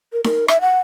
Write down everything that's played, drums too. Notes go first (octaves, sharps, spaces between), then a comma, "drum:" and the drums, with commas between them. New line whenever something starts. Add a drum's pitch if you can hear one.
A#4
A#4, drum: snare D#4
E5, drum: rim click
F#5